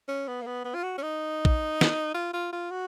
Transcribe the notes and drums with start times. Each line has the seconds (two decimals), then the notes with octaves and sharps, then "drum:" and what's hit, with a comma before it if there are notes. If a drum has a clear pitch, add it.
0.08 C#4
0.28 B3
0.42 A#3
0.47 B3
0.65 B3
0.75 F4
0.84 F#4
0.98 C#4
1.03 D#4
1.45 drum: kick A#1
1.81 drum: snare
2.15 F4
2.34 F4
2.53 F4
2.71 F#4